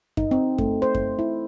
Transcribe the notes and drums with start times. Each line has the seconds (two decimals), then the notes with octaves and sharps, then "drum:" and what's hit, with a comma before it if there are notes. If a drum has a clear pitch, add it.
0.17 D#4, drum: kick F#2
0.31 C4
0.58 A3, drum: kick F#2
0.82 C5
0.95 drum: kick F#2
1.19 E4